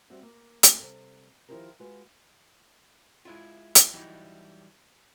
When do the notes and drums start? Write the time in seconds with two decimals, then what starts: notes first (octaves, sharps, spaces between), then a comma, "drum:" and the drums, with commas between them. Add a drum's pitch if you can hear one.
0.10 G3 C4 F#4 E5
0.22 A#3
0.63 G#3 A3 C4 F#4, drum: hi-hat
0.80 C3 G3 A4
1.49 D#3 F3 E4 F4 G4 A#4
1.80 G#3 F4 F#4 B4
3.25 G#3 E4 F4
3.75 drum: hi-hat
3.93 E3 F#3 G3 D#4 E4